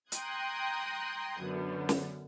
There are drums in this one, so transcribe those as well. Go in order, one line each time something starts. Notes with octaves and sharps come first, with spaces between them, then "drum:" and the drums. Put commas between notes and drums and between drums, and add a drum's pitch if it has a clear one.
G5 A#5 C6 D#6 F#6 G#6, drum: hi-hat
F#2 D3 B3
drum: snare